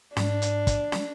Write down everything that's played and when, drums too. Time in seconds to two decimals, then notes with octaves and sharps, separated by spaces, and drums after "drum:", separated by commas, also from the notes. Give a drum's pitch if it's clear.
0.17 G#2 D4, drum: snare
0.42 drum: hi-hat
0.67 drum: kick, hi-hat
0.92 drum: snare